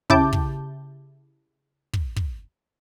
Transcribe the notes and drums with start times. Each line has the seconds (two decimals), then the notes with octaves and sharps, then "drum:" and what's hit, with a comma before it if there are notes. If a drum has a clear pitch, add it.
0.10 C#3 E4 G4 A5 D6 G6, drum: kick
0.33 drum: kick
1.93 drum: kick
2.16 drum: kick